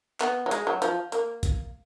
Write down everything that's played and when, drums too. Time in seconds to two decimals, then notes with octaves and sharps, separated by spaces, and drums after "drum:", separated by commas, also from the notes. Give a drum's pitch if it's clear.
0.21 B3, drum: clap
0.46 F#3
0.51 G#3, drum: hi-hat
0.67 F#3
0.82 F3, drum: hi-hat
1.12 A#3, drum: hi-hat
1.43 drum: kick, hi-hat